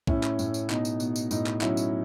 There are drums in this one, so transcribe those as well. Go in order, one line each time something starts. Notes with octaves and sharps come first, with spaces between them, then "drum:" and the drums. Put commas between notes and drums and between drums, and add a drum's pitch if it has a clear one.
A2 C#4 E4, drum: kick
drum: clap
A2, drum: tambourine
drum: tambourine
B2 D#4, drum: clap
drum: tambourine
B2, drum: tambourine
drum: tambourine
A2 D#4, drum: tambourine
drum: clap
F#3 C#4 E4, drum: clap
drum: tambourine